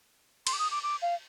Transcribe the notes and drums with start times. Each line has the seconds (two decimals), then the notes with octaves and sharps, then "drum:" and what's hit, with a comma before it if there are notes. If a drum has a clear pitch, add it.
0.47 C6, drum: cymbal
0.53 D6
0.59 D#6
0.71 D6
0.83 D6
1.02 F5